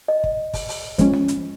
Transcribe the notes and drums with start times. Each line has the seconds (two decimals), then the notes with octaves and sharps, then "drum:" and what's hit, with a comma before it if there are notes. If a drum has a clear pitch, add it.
0.08 D#5
0.24 drum: kick
0.54 drum: kick, open hi-hat
0.68 drum: open hi-hat
0.98 F3 G#3 C#4, drum: kick, hi-hat
1.13 drum: snare
1.28 drum: hi-hat